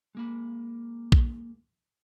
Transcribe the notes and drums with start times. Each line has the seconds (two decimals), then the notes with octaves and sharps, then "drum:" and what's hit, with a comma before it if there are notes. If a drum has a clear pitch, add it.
0.15 G#3 A#3 B5
1.12 drum: kick A#1